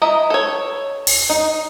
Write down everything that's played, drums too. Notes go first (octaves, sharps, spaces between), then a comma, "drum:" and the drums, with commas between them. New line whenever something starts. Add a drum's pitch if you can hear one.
E4 D#5 A#5
A4 C#5
drum: open hi-hat
D#4